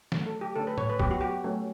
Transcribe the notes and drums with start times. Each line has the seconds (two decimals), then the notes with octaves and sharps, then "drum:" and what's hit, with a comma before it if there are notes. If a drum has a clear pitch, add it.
0.12 D3 F#3 A3, drum: snare
0.26 A4
0.41 G4
0.56 D3 A3 C#4 A4
0.67 B4
0.78 C#5, drum: tom
0.89 B4
1.00 F#3 B3 G4, drum: kick
1.11 F#4
1.21 G4
1.44 F#3 A3 C#4